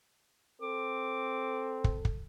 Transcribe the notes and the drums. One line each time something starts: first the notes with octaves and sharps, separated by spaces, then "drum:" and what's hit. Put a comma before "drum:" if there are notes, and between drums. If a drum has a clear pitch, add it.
C4 A4 D6
drum: kick
drum: kick